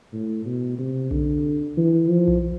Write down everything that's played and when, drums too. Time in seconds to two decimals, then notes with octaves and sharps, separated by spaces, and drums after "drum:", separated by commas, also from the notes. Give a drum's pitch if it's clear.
0.13 A2
0.45 B2
0.78 C3
1.11 D3, drum: kick B1
1.77 E3
2.09 F3
2.28 drum: kick B1